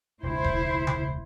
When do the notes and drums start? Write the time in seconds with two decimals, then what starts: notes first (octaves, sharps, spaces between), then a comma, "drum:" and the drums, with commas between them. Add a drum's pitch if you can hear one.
0.23 E1 C#2 E4 C5
0.44 drum: kick E1
0.87 drum: tom C#3